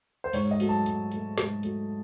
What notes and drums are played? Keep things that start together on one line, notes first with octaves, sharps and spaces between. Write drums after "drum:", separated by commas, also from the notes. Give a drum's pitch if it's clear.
C5
G#2 C#5, drum: open hi-hat
D#5
F#3 A3, drum: open hi-hat
A5
G#2, drum: hi-hat
F#3 A3, drum: hi-hat
G#2, drum: snare
F#3 A3, drum: hi-hat